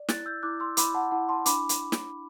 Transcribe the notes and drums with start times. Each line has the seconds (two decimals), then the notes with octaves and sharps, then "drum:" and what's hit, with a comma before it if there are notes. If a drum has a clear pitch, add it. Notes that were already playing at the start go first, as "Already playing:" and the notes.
Already playing: D5
0.09 E4 F#6 A6, drum: snare
0.26 E6 G6
0.43 E4 D6 F#6
0.60 C6 E6
0.77 E4 B5 D6, drum: hi-hat
0.94 F#5 A5
1.11 E4 F#5 A5
1.29 A5 C6
1.46 D4 B5 D6, drum: hi-hat
1.69 drum: hi-hat
1.92 drum: snare